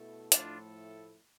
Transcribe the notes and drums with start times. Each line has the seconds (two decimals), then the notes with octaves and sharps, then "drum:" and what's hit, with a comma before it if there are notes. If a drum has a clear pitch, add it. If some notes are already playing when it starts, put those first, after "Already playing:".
Already playing: B2 A3 E4 A4
0.32 A2 F3 A3 D4 E4 F4 A4, drum: hi-hat